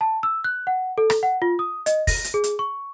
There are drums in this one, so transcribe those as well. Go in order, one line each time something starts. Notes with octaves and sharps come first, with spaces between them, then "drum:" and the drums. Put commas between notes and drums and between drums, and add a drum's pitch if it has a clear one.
A5
E6
F#6
F#5
A4
drum: rim click
F#5
F4
D#6
D#5, drum: hi-hat
A#6, drum: kick, open hi-hat
drum: hi-hat
G#4
drum: hi-hat
C#6